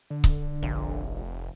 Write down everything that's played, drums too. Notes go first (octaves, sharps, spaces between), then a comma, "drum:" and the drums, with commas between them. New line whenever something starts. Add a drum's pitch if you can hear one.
D3
drum: kick C#1
F1 A#1